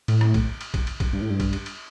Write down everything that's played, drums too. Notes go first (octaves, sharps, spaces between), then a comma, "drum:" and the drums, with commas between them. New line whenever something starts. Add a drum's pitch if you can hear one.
A2, drum: cymbal
drum: rim click
drum: kick, cymbal
drum: cymbal
drum: kick, cymbal
drum: cymbal
drum: kick, cymbal
G2
A2
G2
drum: kick, cymbal
drum: cymbal
drum: cymbal